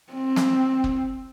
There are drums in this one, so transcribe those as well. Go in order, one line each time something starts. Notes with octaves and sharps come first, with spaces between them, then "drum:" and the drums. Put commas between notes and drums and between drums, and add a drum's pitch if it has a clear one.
C4
drum: snare
drum: kick